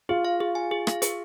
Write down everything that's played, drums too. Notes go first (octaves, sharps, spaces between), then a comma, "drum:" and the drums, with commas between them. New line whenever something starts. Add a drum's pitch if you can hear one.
F4 G#4
F5
G#4
G#5
G#4
F5, drum: rim click
G#4, drum: hi-hat